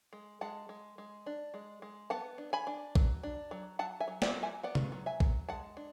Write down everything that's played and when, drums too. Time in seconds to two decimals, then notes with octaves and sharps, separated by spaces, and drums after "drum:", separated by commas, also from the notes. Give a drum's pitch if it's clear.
0.13 G#3
0.41 G#3 F#5 A5
0.69 G#3
0.98 G#3
1.26 D4
1.54 G#3
1.82 G#3
2.10 B3 F#5 A5
2.38 D4
2.53 G#5 B5
2.67 D4
2.95 F#3, drum: kick A#1
3.23 D4
3.51 F#3
3.79 F#3 F#5 A5
4.00 E5 G#5
4.08 F#3
4.22 D5 F#5, drum: snare
4.36 F#3
4.43 E5 G#5
4.63 B3 D5 F#5
4.75 drum: tom C3
4.92 F#3
5.06 E5 G#5
5.20 F#3, drum: kick A#1
5.49 G#3 F#5 A5
5.77 D4